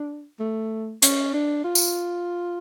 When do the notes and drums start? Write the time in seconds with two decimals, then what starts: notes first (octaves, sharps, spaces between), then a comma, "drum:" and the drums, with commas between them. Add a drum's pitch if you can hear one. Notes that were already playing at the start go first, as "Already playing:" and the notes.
Already playing: D4
0.40 A3
1.02 C#4, drum: hi-hat
1.34 D4
1.64 F4
1.75 drum: tambourine